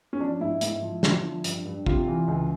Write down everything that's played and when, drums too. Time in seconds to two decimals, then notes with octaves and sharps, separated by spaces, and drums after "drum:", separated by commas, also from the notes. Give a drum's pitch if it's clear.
0.13 C#4
0.20 F3 D4
0.40 G#2 E4
0.61 G#2 E4, drum: hi-hat
0.82 F3
1.03 D3, drum: snare
1.24 F3
1.44 G2, drum: hi-hat
1.66 G2
1.86 C3 F4, drum: kick
2.08 E3
2.28 C#2